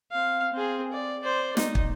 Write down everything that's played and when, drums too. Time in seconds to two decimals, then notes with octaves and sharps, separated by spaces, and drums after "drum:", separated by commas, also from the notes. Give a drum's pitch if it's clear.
0.12 C4 F5
0.52 C4 G#4
0.92 D5
1.23 C5 D5
1.57 D#4, drum: snare
1.75 drum: kick